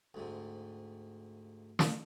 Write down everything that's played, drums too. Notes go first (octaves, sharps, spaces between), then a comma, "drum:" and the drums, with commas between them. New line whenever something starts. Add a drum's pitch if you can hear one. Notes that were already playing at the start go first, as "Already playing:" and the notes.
D2 G#2 C3
drum: snare